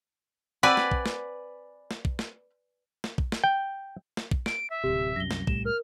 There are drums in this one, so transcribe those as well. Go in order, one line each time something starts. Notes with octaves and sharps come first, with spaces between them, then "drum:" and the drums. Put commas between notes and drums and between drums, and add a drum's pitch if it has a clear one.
C4 F#4 B4 D5 G#5
drum: snare
drum: kick
drum: snare
drum: snare
drum: kick
drum: snare
drum: snare
drum: kick
drum: snare
G5
drum: snare
drum: kick
D7, drum: snare
E5
D1 G1 C3 G4
C2 F#2 A#6 G7
drum: snare
C2 A2 G3 E7, drum: kick
A#4 F6